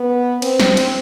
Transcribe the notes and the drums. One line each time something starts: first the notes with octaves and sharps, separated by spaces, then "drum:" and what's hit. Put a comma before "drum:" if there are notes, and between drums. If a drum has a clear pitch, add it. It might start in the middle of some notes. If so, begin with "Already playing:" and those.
Already playing: B3
C4, drum: cymbal
drum: snare
drum: cymbal